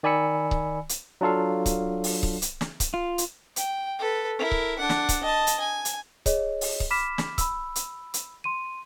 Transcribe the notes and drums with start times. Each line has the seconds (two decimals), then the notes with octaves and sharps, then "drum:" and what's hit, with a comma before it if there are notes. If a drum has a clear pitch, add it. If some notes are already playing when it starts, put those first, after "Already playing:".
0.03 D#3 D5 G#5 B5 E6 C#7
0.51 drum: kick C#1
0.89 drum: hi-hat
1.21 F#3 D4 F4 A4 F5
1.66 drum: kick C#1, hi-hat
2.04 drum: open hi-hat
2.23 drum: kick C#1
2.42 drum: hi-hat
2.61 drum: snare
2.80 drum: kick C#1, hi-hat
2.94 F4
3.18 drum: hi-hat
3.56 G5, drum: hi-hat
3.99 A4 B4
4.39 E4 A#4
4.51 drum: kick C#1
4.79 D4 F#5
4.90 drum: snare
5.09 drum: kick C#1, hi-hat
5.23 D#5 A5
5.47 drum: hi-hat
5.60 G#5
5.85 drum: hi-hat
6.26 G#4 C#5 D#5, drum: kick C#1, hi-hat
6.61 drum: open hi-hat
6.80 drum: kick C#1
6.91 B5 D6 F6 B6 E7
7.18 drum: snare
7.38 B5 E6, drum: kick C#1, hi-hat
7.75 drum: hi-hat
8.14 drum: hi-hat
8.44 C6 D#7